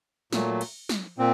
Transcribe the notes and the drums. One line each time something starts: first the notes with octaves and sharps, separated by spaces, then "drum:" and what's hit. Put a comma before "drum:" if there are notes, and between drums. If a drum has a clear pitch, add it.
A#2 F#3 A3, drum: snare
drum: cymbal
drum: snare
A#2 C4